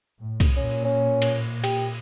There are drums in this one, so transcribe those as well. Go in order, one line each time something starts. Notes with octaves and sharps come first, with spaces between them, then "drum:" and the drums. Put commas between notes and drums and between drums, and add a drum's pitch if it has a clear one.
A2
drum: kick C2, cymbal
A#2 C#4
C#4
drum: cymbal
G4, drum: cymbal